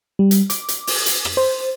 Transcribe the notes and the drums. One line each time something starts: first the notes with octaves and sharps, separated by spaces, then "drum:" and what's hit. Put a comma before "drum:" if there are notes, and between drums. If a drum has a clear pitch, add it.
G3
drum: hi-hat
D6, drum: hi-hat
drum: hi-hat
drum: open hi-hat
drum: hi-hat
drum: rim click
C5